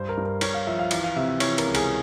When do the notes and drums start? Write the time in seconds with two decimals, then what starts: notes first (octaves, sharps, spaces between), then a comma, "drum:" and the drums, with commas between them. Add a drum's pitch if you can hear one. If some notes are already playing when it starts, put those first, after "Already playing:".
Already playing: G2 C5
0.09 A#4
0.17 G2
0.25 A#4
0.41 G2 C#5, drum: cymbal
0.54 F5
0.67 F3 E5
0.79 F5
0.91 E3 F5, drum: cymbal
1.04 F5
1.16 C3 E5
1.29 E5
1.40 E3 C#5, drum: cymbal
1.58 A#4, drum: cymbal
1.65 C#2
1.75 G#4, drum: cymbal